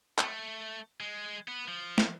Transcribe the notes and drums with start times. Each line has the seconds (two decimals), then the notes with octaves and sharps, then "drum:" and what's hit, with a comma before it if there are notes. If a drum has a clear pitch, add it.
0.18 A3, drum: clap
1.01 G#3
1.48 B3
1.68 F3
1.98 drum: snare